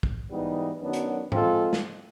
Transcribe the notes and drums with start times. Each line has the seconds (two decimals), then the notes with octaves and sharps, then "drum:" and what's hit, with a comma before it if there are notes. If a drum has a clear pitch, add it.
0.03 drum: kick
0.30 G#2 E3 G3 B3 D#4
0.80 F#2 D#3 F#3 B3 D4
0.93 drum: hi-hat
1.32 F3 G#3 C4 F4 A4, drum: tom
1.73 drum: snare